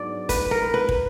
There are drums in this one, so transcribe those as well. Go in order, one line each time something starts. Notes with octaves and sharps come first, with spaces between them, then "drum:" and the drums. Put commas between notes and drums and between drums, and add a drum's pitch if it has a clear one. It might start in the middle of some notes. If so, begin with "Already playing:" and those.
Already playing: G#2 F#3 B3 D4 D5
B4, drum: kick, hi-hat
A#4
B4
drum: kick